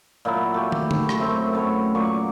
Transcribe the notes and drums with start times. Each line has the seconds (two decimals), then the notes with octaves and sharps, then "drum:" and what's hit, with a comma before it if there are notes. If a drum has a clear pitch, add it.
0.25 A#2 F#3 E4
0.54 A3 G4
0.72 drum: tom
0.91 drum: tom
1.09 drum: rim click
1.19 F#2 A3 C4
1.55 A3 B3 C#5
1.95 A#2 F#3 D5 C#6